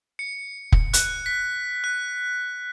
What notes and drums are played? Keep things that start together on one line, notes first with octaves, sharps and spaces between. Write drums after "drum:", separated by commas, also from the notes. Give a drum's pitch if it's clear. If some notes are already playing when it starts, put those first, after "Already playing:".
C#7
drum: kick
F#6, drum: hi-hat
B6
F#6